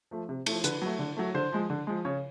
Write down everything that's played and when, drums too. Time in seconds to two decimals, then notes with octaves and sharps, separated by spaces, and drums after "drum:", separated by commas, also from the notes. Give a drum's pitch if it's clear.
0.11 F3 A3
0.29 C3
0.46 F3 A3, drum: cymbal
0.64 D3 B4, drum: hi-hat
0.82 F#3 A3
0.99 D3
1.17 F#3 A3
1.34 D3 C5
1.52 F3 G#3
1.70 D3
1.87 F3 G#3
2.05 C#3 C#5